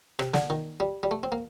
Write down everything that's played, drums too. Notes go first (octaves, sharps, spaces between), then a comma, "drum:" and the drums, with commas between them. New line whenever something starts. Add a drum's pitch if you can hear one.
C3, drum: rim click
D3, drum: snare
D#3
G3
G3
A3
C4
A#3